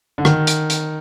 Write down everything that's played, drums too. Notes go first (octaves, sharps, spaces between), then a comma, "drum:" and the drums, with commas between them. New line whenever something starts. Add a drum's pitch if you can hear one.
D3
D#3, drum: rim click
drum: hi-hat
drum: hi-hat